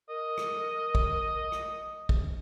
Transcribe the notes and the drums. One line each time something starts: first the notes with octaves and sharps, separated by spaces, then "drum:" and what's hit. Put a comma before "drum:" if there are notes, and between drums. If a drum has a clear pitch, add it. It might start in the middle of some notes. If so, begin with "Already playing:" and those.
A#4 D#5
drum: rim click
drum: kick
drum: rim click
drum: kick